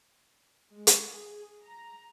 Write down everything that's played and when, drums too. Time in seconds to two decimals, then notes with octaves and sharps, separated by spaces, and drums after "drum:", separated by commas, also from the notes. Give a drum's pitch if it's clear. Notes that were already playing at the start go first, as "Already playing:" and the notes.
0.72 G#3
0.87 drum: hi-hat
1.08 G#4
1.65 A#5